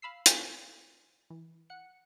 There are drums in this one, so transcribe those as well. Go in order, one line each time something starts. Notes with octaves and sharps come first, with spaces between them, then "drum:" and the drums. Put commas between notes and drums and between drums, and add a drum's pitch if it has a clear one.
F5 B5 E6 C7
A3 C4 F4 G#4, drum: hi-hat
E3
F#5 C#7